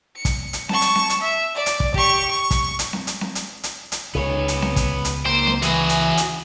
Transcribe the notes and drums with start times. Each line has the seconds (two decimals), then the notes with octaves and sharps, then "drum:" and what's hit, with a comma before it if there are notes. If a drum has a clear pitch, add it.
0.16 C#7
0.25 drum: kick, hi-hat
0.53 drum: hi-hat
0.69 A5 C#6, drum: snare C4
0.81 drum: hi-hat
0.95 drum: snare C4
1.10 drum: hi-hat
1.20 E5
1.55 D5
1.66 drum: hi-hat
1.80 drum: kick
1.94 G4 C#6, drum: kick
2.30 C#6
2.51 drum: kick, hi-hat
2.79 drum: hi-hat
2.93 drum: snare C4
3.07 drum: hi-hat
3.21 drum: snare C4
3.35 drum: hi-hat
3.64 drum: hi-hat
3.92 drum: hi-hat
4.15 C#2 C#3 B3 C#5
4.48 drum: hi-hat
4.62 drum: snare C4
4.76 drum: kick, hi-hat
5.05 drum: hi-hat
5.26 A#3 C5 G5
5.47 drum: snare C4
5.62 E3 F#4 G#4, drum: hi-hat
5.89 drum: hi-hat
6.17 drum: hi-hat